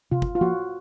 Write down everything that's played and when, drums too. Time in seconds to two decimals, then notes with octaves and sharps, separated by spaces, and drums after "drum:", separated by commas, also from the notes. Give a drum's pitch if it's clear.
0.12 C3 F4
0.22 drum: kick G1
0.35 F4
0.41 F3 A#3 F#4